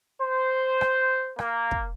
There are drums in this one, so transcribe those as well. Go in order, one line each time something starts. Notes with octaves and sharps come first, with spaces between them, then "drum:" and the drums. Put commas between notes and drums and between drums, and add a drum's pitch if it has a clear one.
C5
drum: rim click
A#3, drum: rim click
drum: kick